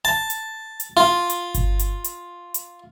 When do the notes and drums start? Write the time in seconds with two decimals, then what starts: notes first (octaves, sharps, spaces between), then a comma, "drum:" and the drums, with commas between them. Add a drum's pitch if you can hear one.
0.05 A5
0.30 drum: hi-hat
0.80 drum: hi-hat
0.97 F4
1.30 drum: hi-hat
1.54 drum: kick G1, hi-hat
1.79 drum: hi-hat
2.04 drum: hi-hat
2.54 drum: hi-hat